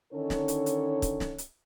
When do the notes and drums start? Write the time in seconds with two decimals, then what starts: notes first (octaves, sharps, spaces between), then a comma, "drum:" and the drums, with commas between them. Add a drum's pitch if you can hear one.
0.12 D3 D#3 C#4 D#4 A4 C#5
0.30 drum: snare
0.48 drum: hi-hat
0.66 drum: hi-hat
1.02 drum: kick, hi-hat
1.20 drum: snare
1.38 drum: hi-hat